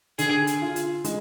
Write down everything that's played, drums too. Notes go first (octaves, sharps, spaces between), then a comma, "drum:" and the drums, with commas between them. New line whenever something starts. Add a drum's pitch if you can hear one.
D3 G#4, drum: hi-hat
drum: hi-hat
F4
drum: hi-hat
G#3, drum: hi-hat